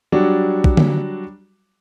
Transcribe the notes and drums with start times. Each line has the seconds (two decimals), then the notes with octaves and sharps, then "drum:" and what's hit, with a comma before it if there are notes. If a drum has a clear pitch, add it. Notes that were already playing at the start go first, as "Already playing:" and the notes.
0.12 F#3 G3 D4 F#4
0.64 drum: kick
0.77 drum: tom D3